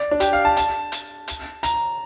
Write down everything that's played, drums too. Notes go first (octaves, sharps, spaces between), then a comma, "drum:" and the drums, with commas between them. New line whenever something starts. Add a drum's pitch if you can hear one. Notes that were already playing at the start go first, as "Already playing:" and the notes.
Already playing: D5
D4
G4, drum: hi-hat
F5
A5
A5, drum: hi-hat
drum: hi-hat
drum: hi-hat
A#5, drum: hi-hat